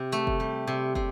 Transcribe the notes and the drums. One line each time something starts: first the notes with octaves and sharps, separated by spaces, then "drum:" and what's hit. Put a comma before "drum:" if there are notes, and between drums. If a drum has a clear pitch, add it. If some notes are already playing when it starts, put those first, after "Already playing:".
Already playing: C3
A3, drum: tambourine
drum: kick
G3
C3
C3, drum: kick